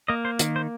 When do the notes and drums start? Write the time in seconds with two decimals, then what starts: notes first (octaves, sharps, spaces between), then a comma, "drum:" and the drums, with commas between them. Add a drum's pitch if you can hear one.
0.08 A#3 D#5
0.25 C5
0.39 D#3, drum: hi-hat
0.56 C5